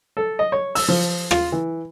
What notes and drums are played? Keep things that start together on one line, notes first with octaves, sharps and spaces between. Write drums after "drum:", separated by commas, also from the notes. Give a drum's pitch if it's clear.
A4
D#5
C#5
E6, drum: open hi-hat
F3
F4, drum: rim click
E3